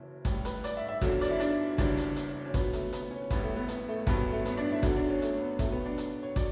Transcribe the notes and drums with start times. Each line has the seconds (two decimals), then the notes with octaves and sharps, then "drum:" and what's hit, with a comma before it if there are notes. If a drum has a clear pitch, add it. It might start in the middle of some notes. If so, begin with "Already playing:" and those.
Already playing: F#1 F#2 E3
0.25 A1 A2 G3, drum: kick, hi-hat
0.45 B4, drum: hi-hat
0.64 D5, drum: hi-hat
0.77 E5
0.88 E5
1.01 G1 F#2 D3 F#3, drum: kick, hi-hat
1.21 D5, drum: hi-hat
1.30 E4
1.40 D4, drum: hi-hat
1.78 F#1 F#2 E3 G3 D4, drum: kick, hi-hat
1.97 drum: hi-hat
2.16 drum: hi-hat
2.45 C#4
2.54 C#2 B2 F#3 B3, drum: kick, hi-hat
2.73 A3, drum: hi-hat
2.93 B3, drum: hi-hat
3.11 C#4
3.30 A1 A2 E3 G3 B3, drum: kick, hi-hat
3.43 A3
3.56 B3
3.68 B3, drum: hi-hat
3.88 A3
4.07 A1 G2 F#3 B3, drum: kick, hi-hat
4.32 A3
4.45 B3, drum: hi-hat
4.57 D4
4.71 E4
4.83 E2 D3 F#3 F#4, drum: kick, hi-hat
4.97 D4
5.08 C#4
5.22 A3, drum: hi-hat
5.41 B3
5.59 B1 A2 F#3 A3, drum: kick, hi-hat
5.72 B3
5.85 D4
5.98 drum: hi-hat
6.23 C#5
6.36 F#3 D5, drum: kick, hi-hat